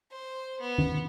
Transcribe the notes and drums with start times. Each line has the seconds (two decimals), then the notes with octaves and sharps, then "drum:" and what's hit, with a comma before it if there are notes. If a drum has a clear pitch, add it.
0.12 C5
0.60 B3
0.78 drum: tom